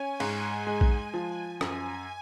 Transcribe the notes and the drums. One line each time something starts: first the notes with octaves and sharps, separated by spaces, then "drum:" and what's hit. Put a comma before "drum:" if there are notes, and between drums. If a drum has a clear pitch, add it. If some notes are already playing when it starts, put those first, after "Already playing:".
Already playing: C#4 G#5
G#2, drum: cymbal
G#3
drum: kick A#1
F3
F#2 G#5, drum: rim click